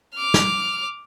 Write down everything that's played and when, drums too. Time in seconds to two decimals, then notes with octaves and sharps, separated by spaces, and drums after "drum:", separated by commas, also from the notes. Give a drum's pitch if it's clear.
0.14 D6 F6
0.34 drum: snare